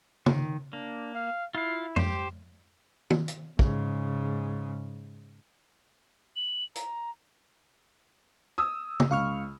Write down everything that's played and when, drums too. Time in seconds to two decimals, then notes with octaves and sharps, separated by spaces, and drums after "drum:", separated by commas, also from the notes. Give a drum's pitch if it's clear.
0.26 D#3, drum: tom
0.73 A#3 D4
1.15 F5
1.55 E4 F4 F5
1.96 G4 C5, drum: tom F2
3.10 drum: tom
3.28 drum: hi-hat
3.59 G#2 C#3, drum: kick
6.36 F#7
6.75 A#5, drum: hi-hat
8.58 D#6 E6
9.00 drum: tom
9.11 C#2 F5 C#6 F6